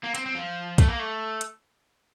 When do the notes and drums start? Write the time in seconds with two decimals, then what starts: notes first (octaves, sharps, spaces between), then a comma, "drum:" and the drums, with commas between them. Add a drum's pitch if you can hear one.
0.04 A#3
0.15 C4, drum: hi-hat
0.26 C4
0.35 F3
0.78 A3, drum: kick, hi-hat
0.88 A#3
0.99 A3
1.41 drum: hi-hat